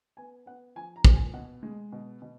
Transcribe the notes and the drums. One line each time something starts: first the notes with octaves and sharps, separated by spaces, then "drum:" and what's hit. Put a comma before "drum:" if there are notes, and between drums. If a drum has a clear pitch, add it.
B3 G#5
B3 F#5
F3 G#5
A#5
A#2, drum: kick
G#5
B2 F#5
G#3
B2
B2